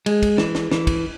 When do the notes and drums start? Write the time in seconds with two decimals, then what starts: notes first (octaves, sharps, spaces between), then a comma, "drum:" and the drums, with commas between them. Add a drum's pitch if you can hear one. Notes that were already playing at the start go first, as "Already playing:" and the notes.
0.06 G#3, drum: cymbal
0.22 drum: kick, cymbal
0.38 E3, drum: snare
0.55 drum: snare
0.72 E3, drum: snare
0.87 drum: kick, cymbal